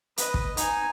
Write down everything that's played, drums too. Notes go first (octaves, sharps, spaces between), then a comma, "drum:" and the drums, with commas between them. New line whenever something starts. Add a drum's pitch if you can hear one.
B4 D#5, drum: hi-hat
drum: kick
D#4 G#5, drum: hi-hat